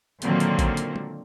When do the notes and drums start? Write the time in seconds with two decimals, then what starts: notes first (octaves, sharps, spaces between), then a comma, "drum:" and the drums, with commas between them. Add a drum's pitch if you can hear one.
0.22 A#2 D3 D#3 F#3 A#3 C4, drum: hi-hat
0.40 drum: hi-hat
0.59 drum: kick, hi-hat
0.77 drum: hi-hat
0.96 drum: tom G#3